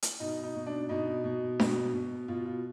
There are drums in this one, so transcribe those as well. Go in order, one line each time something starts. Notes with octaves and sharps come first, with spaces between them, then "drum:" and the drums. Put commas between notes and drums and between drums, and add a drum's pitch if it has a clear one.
drum: hi-hat
B2 D#4
D#4
B2
D4
B2 D#4
B2
B2, drum: snare D4
B2
B2 F4
F4